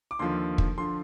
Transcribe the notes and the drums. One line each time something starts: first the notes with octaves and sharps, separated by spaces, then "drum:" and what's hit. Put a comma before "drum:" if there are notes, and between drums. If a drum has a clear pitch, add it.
D6
D#2 D3 F3 C6
drum: kick
D3 F3 C6